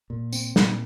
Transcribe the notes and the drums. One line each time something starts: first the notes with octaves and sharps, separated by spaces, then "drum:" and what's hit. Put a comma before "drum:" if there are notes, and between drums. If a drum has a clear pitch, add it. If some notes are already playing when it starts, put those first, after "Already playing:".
A#2
C4, drum: tambourine
A#2, drum: snare